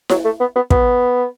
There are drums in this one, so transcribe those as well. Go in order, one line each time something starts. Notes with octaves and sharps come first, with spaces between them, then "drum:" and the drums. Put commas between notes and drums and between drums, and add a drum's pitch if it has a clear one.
F#3, drum: snare E4
A3
B3
B3
B3, drum: kick